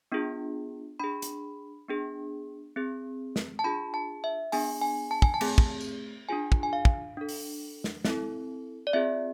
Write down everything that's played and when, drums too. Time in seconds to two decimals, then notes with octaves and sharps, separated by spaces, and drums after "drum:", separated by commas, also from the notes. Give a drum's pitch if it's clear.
0.12 B3 D4 F4 G#4
1.00 D4 G#4 B5
1.22 drum: hi-hat
1.88 B3 D4 G#4
2.76 C4 G#4
3.36 drum: snare
3.59 A5
3.64 D4 F4 G#4 B5
3.94 A5
4.24 E5
4.52 B3 D4 G#4 G#5, drum: open hi-hat
4.82 G#5
5.11 A5
5.22 G#5, drum: kick
5.34 A5
5.41 A3 C4 G#4, drum: cymbal
5.58 drum: kick
5.81 drum: tambourine
6.29 D4 F4 G#4 G#5
6.52 drum: kick
6.63 G#5
6.73 F5
6.85 drum: kick
7.17 D4 A4
7.29 drum: open hi-hat
7.84 drum: snare
8.05 C4 E4 A4, drum: snare
8.87 D5
8.93 C4 F4 G#4 E5